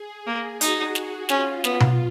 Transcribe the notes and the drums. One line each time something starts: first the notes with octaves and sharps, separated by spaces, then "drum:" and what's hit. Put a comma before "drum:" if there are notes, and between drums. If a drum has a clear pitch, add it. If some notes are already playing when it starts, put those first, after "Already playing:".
Already playing: G#4
A#3
D#4 F#4, drum: hi-hat
drum: snare
C#4 F4, drum: snare
B3, drum: snare
drum: tom B2